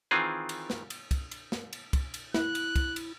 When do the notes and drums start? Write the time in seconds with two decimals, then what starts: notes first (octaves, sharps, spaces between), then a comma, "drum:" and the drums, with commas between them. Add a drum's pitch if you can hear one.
0.11 D#3 E3 C4 F4 G#4
0.49 drum: cymbal
0.70 drum: snare
0.90 drum: cymbal
1.11 drum: kick, cymbal
1.31 drum: cymbal
1.52 drum: snare
1.73 drum: cymbal
1.93 drum: kick, cymbal
2.14 drum: cymbal
2.34 E4 F#6, drum: snare
2.55 drum: cymbal
2.76 drum: kick, cymbal
2.96 drum: cymbal